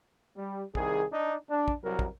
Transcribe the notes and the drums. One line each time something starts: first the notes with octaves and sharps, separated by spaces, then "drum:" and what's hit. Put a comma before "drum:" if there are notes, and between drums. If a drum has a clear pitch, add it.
G3
C2 D#3 G#4, drum: kick
D4 D#4
D4
drum: kick
C2 F#3 A#4
drum: kick